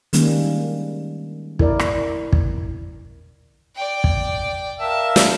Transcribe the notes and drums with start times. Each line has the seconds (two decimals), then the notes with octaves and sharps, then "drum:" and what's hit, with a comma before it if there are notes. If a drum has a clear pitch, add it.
0.13 D#3 G3 G#3 A#3 C#4, drum: hi-hat
1.59 E4 A#4 D5, drum: kick
1.79 drum: rim click
2.33 drum: kick
3.76 D5 G5
4.04 drum: kick
4.80 A#4 E5 F5 A5
5.16 drum: snare